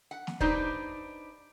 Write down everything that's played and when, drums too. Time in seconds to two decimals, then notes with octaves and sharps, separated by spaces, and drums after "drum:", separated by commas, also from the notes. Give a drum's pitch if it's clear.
0.11 F#5
0.27 drum: snare
0.40 D4 D#4 G4 B4 C5 D5, drum: kick